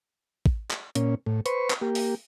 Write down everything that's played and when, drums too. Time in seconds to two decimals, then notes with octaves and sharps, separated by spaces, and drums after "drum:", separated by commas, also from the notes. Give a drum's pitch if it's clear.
0.46 drum: kick
0.71 drum: clap
0.95 A#2 C#4, drum: hi-hat
1.26 A2
1.46 B4 C5 C#6, drum: hi-hat
1.70 drum: clap
1.81 A#3 G4
1.95 drum: open hi-hat